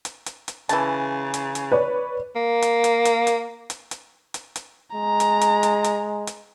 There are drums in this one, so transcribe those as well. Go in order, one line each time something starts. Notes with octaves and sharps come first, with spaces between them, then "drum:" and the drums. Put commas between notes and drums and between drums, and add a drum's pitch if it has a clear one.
drum: hi-hat
drum: hi-hat
drum: hi-hat
C#3 E3 A5, drum: hi-hat
drum: hi-hat
drum: hi-hat
B4 C#5 D5
A#3
drum: hi-hat
drum: hi-hat
drum: hi-hat
drum: hi-hat
drum: hi-hat
drum: hi-hat
drum: hi-hat
drum: hi-hat
G#3 A#5
drum: hi-hat
drum: hi-hat
drum: hi-hat
drum: hi-hat
drum: hi-hat